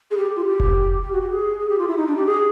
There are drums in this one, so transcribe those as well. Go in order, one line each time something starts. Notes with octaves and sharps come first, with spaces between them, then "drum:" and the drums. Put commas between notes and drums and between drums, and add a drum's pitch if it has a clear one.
G#4
G4
F4
G4
drum: kick F1
G4
F#4
G4
G#4
G#4
G4
F4
E4
D#4
D4
G4
G#4